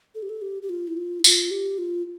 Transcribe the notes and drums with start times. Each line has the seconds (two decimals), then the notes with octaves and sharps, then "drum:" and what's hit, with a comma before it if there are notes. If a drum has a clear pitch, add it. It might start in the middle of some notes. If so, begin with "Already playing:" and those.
0.15 A4
0.22 G4
0.29 A4
0.42 G4
0.62 G4
0.69 F4
0.87 E4
0.97 F4
1.20 E4
1.24 F4, drum: tambourine
1.51 G4
1.78 F4